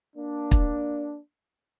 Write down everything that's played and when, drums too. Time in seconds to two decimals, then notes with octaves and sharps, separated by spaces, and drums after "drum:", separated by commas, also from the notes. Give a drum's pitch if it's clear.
0.16 A#3 D4
0.51 drum: kick